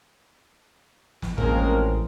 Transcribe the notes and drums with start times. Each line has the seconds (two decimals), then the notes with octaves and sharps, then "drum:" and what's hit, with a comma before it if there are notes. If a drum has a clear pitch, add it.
1.22 drum: snare
1.38 A1 F3 G#3 A#3 C4 C#4 A#4, drum: kick